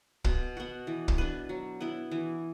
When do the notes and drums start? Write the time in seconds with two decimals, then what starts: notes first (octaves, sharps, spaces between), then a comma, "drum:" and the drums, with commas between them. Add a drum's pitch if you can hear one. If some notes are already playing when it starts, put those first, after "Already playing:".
0.24 B2, drum: kick
0.57 B3 F#4
0.87 E3
1.08 drum: kick
1.18 D4 B4
1.49 F#3
1.81 B3 E4
2.11 E3